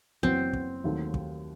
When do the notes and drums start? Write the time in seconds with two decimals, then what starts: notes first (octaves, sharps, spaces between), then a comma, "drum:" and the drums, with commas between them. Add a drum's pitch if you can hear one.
0.23 F#1 F#2 E3 B3 C4 F#4, drum: kick
0.53 drum: kick
0.84 D#2 D#3 F#3 A3
1.14 drum: kick